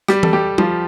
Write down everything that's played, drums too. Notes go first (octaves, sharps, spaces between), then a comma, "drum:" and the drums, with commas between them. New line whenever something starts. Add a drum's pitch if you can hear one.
G3 G4, drum: rim click
A4, drum: tom E3
G3 G4
F3 F4, drum: tom G3